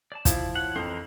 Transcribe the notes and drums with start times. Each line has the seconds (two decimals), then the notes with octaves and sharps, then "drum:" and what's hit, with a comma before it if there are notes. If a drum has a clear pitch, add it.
0.12 D5 A5
0.25 F3 E4, drum: kick, hi-hat
0.56 C#5 F#5
0.76 F2 E3 A#4 C5